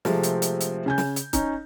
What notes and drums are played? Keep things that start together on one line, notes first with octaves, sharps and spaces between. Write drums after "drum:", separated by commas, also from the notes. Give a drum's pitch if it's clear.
C3 F3 G#3 A3 C4, drum: snare
drum: hi-hat
drum: hi-hat
drum: hi-hat
C#3 G#5 G6
drum: snare
drum: hi-hat
C#4 D#4, drum: kick C#1, hi-hat